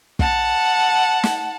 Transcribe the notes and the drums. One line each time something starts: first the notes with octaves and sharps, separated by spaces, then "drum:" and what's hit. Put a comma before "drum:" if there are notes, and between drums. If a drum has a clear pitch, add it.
F#5 A5, drum: kick
drum: snare